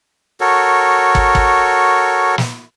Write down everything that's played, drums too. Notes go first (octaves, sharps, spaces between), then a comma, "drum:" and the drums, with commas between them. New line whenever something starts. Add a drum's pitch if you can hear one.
F#4 A4 A#4 C#5
drum: kick
drum: kick
drum: snare